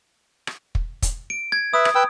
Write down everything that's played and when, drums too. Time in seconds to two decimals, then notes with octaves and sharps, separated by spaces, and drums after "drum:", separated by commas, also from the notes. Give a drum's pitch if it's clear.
0.47 drum: rim click
0.75 drum: kick
1.02 drum: kick, hi-hat
1.30 D7
1.52 G#6
1.74 B4 E5 D#6
1.85 drum: rim click
1.95 B4 G5 E6